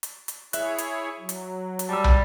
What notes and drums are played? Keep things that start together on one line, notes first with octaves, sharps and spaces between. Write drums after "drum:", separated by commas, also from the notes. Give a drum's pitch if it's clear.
drum: hi-hat
drum: hi-hat
E4 G#4 C#5 E5 F#6, drum: hi-hat
drum: hi-hat
F#3
drum: hi-hat
drum: hi-hat
G3 A5 E6
drum: tom